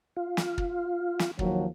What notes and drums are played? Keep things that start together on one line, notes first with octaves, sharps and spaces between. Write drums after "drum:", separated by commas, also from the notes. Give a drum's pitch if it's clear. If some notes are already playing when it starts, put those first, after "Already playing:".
F4
drum: snare
drum: kick
drum: snare
D#2 F3 F#3, drum: kick